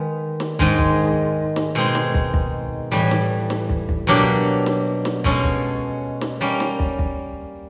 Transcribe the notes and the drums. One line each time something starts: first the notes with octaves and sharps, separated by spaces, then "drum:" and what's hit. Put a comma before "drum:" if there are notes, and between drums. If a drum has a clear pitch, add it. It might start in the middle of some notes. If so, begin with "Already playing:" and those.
Already playing: D#3 G#3 B3
drum: snare
G#2 D#3 G#3, drum: kick
drum: kick
drum: snare
B2 G#3 C4 D#4 G#4
drum: snare
drum: kick
drum: kick
A2 E3 G3
drum: snare
drum: snare
drum: kick
drum: kick
B2 F#3 A#3 D4 G4
drum: snare
drum: snare
B2 G#3 C#4 F#4 A4, drum: kick
drum: kick
drum: snare
G3 A#3 C#4
drum: snare
drum: kick
drum: kick